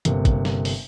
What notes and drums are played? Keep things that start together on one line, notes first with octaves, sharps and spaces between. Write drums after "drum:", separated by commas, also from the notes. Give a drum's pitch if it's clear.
G1 C3 A#3, drum: hi-hat
drum: kick, hi-hat
drum: snare
drum: open hi-hat